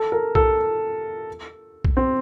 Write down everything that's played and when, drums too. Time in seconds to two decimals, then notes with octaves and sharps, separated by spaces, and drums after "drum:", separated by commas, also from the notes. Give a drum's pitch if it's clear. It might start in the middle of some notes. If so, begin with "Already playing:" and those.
Already playing: A4
0.12 A#4
0.35 A4, drum: kick B1
1.85 drum: kick B1
1.97 C4